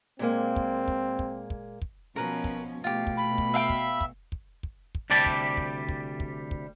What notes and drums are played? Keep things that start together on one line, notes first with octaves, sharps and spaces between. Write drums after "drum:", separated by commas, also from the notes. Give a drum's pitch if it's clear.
A#2 G#3 A#3 C4
drum: kick
drum: kick
drum: kick
drum: kick
drum: kick
B2 F3 C#4 A#4 B4
drum: kick
B2 A3 F4 G4
drum: kick
B5
drum: kick
E5 F5 G5
drum: kick
drum: kick
drum: kick
drum: kick
drum: kick
D2 C3 G3 G4 D5 A5
drum: kick
drum: kick
drum: kick
drum: kick
drum: kick